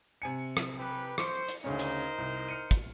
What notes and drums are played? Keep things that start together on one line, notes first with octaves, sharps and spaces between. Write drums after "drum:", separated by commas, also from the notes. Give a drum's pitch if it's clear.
C3 G#5 C#7
drum: rim click
G4 B4
C5 C#6 D6 C#7, drum: rim click
drum: hi-hat
D2 C#3 C#4 D#4 A#4 C5
drum: hi-hat
C2
F6 C#7 D#7
drum: kick, hi-hat